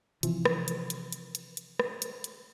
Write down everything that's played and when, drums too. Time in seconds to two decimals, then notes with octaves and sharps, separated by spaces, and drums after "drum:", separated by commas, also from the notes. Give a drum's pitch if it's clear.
0.23 C3 E3 F3, drum: hi-hat
0.45 drum: rim click
0.68 drum: hi-hat
0.90 drum: hi-hat
1.12 drum: hi-hat
1.35 drum: hi-hat
1.57 drum: hi-hat
1.79 drum: rim click
2.02 drum: hi-hat
2.24 drum: hi-hat